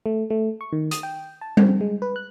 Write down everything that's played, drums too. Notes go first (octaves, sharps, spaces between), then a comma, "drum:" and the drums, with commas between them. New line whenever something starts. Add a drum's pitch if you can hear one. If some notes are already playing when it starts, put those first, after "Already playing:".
A3
A3
C#6
D#3
D#6, drum: hi-hat
G5
A5
C4, drum: tom G3
G#3
B4
F#6